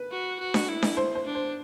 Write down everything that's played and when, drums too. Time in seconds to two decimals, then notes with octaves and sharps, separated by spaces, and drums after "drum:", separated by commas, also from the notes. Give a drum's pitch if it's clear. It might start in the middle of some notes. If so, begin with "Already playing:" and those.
Already playing: B4
0.12 F#4
0.40 F#4
0.54 drum: snare D4
0.69 E4
0.83 drum: snare D4
0.97 C5
1.15 C5
1.26 D4
1.35 C5